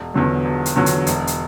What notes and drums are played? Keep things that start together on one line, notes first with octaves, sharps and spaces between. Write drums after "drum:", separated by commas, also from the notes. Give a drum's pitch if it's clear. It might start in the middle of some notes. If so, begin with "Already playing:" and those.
Already playing: E1
E2 D3 F#3
E1
drum: hi-hat
E2 D3 F#3
drum: hi-hat
E1, drum: hi-hat
drum: hi-hat